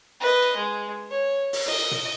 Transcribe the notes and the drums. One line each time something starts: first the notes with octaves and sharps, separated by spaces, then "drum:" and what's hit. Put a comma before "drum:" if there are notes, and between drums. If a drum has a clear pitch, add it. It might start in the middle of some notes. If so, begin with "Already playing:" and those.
B4 D#5
drum: cymbal
G#3
C#5
drum: open hi-hat
D#5, drum: cymbal
drum: tom